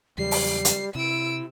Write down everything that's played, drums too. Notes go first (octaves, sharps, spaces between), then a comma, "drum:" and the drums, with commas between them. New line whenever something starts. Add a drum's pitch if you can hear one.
E2 C#3 F#3 G3 C7
drum: open hi-hat
drum: hi-hat
C3 E4 E6 D7